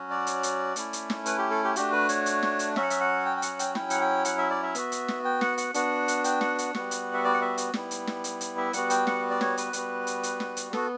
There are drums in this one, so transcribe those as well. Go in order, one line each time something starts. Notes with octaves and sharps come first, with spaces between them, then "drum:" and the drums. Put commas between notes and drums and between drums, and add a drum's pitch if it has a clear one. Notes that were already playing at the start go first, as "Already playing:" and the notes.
Already playing: F#3 C#4 F#4
D5
drum: hi-hat
drum: hi-hat
A3 C#4 E4, drum: hi-hat
drum: hi-hat
drum: snare
B4, drum: hi-hat
G4
A4
G4
A3 D4 F#4 G4, drum: hi-hat
B4
C#5, drum: hi-hat
drum: hi-hat
drum: snare
drum: hi-hat
F#3 C#4 F#4 E5, drum: snare
F#5
E5, drum: hi-hat
F#5
G5
G5
F#5, drum: hi-hat
G5, drum: hi-hat
F#3 C#4 E4 G5, drum: snare
F#5, drum: hi-hat
G5
F#5, drum: hi-hat
E5
D5
E5
B3 F#4, drum: hi-hat
drum: hi-hat
drum: snare
G5
F#5, drum: snare
F#5, drum: hi-hat
B3 D4 F#4 F#5, drum: hi-hat
drum: hi-hat
G5, drum: hi-hat
F#5, drum: snare
F#5, drum: hi-hat
G3 B3 F#4, drum: snare
drum: hi-hat
E5
D5
F#5
E5
drum: hi-hat
G3 B3 E4, drum: snare
drum: hi-hat
drum: snare
drum: hi-hat
drum: hi-hat
E5
G3 B3 F#4 F#5, drum: hi-hat
G5, drum: hi-hat
F#5, drum: snare
D5
C#5, drum: snare
B4, drum: hi-hat
G3 B3 F#4, drum: hi-hat
drum: hi-hat
drum: hi-hat
drum: snare
drum: hi-hat
B3 F#4 A4, drum: snare